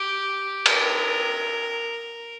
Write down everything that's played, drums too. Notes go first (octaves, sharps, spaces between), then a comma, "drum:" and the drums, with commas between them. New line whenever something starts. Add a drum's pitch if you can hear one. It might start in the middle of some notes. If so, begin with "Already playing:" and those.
Already playing: G4
A#4, drum: cymbal